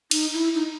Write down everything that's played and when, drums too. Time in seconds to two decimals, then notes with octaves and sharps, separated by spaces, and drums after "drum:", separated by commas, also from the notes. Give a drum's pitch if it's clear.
0.11 D#4, drum: cymbal
0.34 E4
0.55 D#4